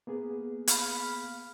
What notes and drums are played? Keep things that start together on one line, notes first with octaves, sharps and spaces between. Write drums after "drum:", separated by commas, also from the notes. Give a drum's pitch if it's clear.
A#3 B3 G#4
F5 B5, drum: hi-hat